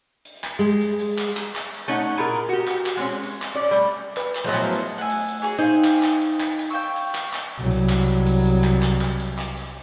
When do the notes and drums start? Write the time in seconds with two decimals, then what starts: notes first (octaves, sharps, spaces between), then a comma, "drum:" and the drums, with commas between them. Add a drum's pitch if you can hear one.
0.25 drum: hi-hat
0.44 drum: clap
0.59 G#3
0.81 drum: hi-hat
1.00 drum: hi-hat
1.18 drum: clap
1.37 drum: clap
1.56 drum: clap
1.74 drum: hi-hat
1.88 A3 C#4 D#4 F#5
2.17 A#2 E4 F4 G#4 A#4
2.49 F#4 G4
2.68 drum: clap
2.86 drum: clap
2.97 G#3 C4 C#4
3.23 drum: hi-hat
3.42 drum: clap
3.54 C#4 D5
3.71 G3 A3
4.17 B4, drum: clap
4.35 drum: clap
4.44 A2 F3 F#3 G#3 B3
4.54 drum: clap
4.73 drum: hi-hat
4.98 A3 F#5 G#5 E6
5.10 drum: hi-hat
5.28 drum: hi-hat
5.42 F#4 G#4 C#5
5.59 C4 D#4 C5 D#5 F5 G#5
5.84 drum: clap
6.03 drum: clap
6.22 drum: hi-hat
6.40 drum: clap
6.59 drum: hi-hat
6.71 F5 G5 C#6 E6
6.96 drum: hi-hat
7.15 drum: clap
7.33 drum: clap
7.58 C2 F#3
7.71 drum: hi-hat
7.89 drum: clap
8.08 drum: hi-hat
8.27 drum: hi-hat
8.45 drum: hi-hat
8.64 drum: clap
8.83 drum: clap
9.01 drum: clap
9.20 drum: hi-hat
9.39 drum: clap
9.57 drum: hi-hat